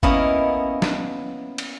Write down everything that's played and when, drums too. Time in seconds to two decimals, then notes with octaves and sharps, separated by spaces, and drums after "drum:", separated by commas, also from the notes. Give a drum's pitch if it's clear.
0.03 A#3 B3 C#4 E4 A#4 D#5, drum: kick G#1
0.82 drum: snare
1.58 drum: cymbal